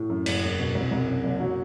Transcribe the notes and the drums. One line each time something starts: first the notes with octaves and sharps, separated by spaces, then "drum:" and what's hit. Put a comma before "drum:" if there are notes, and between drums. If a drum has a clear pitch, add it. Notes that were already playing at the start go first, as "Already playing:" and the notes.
Already playing: A2
F#2
F#1, drum: cymbal
E1
B2
C2
C2
F#2
F#1
F#3